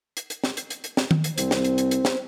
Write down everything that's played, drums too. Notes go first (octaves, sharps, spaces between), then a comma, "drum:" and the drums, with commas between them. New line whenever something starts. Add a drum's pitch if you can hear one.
drum: hi-hat
drum: hi-hat
drum: snare
drum: hi-hat
drum: hi-hat
drum: hi-hat
drum: snare
drum: tom D#3
drum: hi-hat
C2 C4, drum: hi-hat
drum: snare
drum: hi-hat
drum: hi-hat
drum: hi-hat
drum: snare